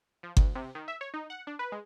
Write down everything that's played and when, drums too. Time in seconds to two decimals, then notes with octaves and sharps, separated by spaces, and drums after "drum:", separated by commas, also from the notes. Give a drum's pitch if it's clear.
0.23 F3
0.37 D2, drum: kick G1
0.55 C3
0.75 D#3
0.88 E5
1.01 C#5
1.14 D#4
1.30 F#5
1.47 D4
1.59 B4
1.72 G#3